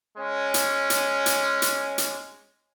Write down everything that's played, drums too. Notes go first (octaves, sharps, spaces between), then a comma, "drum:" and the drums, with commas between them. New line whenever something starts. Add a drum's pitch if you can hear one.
G#3 C#4
drum: hi-hat
drum: hi-hat
drum: hi-hat
drum: hi-hat
drum: hi-hat